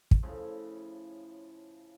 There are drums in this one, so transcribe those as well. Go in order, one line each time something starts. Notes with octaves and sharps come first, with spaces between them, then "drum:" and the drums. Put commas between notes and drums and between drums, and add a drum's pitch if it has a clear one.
drum: kick
A2 C#3 F3